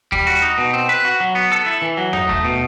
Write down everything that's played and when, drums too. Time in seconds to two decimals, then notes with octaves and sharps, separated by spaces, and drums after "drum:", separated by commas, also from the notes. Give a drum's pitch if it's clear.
0.12 G3, drum: kick D#2
0.27 F#4
0.42 D#4
0.58 B2
0.74 C4
0.89 B4
1.05 F#4
1.20 F#3
1.35 B3
1.52 A4
1.66 E4
1.82 E3
1.97 F#3
2.13 D#4, drum: tom F2
2.29 A3, drum: kick D#2
2.45 B2